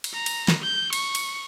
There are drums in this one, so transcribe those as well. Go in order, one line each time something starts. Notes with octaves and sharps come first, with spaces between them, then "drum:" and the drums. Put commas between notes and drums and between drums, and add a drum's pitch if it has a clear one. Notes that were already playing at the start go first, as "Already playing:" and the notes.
drum: cymbal
A#5
drum: cymbal
drum: snare
G6
C#6, drum: cymbal
drum: cymbal